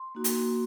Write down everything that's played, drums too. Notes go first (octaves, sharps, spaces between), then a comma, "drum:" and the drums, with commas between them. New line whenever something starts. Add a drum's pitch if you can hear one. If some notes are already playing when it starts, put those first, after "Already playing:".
Already playing: C6
A#3 D#4 F#4
drum: hi-hat